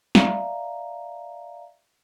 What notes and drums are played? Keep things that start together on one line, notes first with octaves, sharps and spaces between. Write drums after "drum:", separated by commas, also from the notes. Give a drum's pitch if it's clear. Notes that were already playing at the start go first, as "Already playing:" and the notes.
D5 E5 F5 A#5, drum: snare